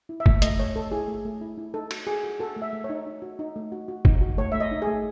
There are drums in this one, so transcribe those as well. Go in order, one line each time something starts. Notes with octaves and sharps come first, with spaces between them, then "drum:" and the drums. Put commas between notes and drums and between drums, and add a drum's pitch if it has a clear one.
E4
E5
A3, drum: kick
A3 D#5, drum: hi-hat
A3 C#5
A3 A4
E4 G#4
A3
A3
E4
E4
D#4 A4
F#4, drum: cymbal
F#4 G#4
F#4
F#4 A4
A3
E5
A3
C#5
D#4
D#4
F#4
D#4
A3
F#4
F#4
D#4, drum: kick
F#4
A3 C#5
A3 E5
D#5
D#4
G#4
A3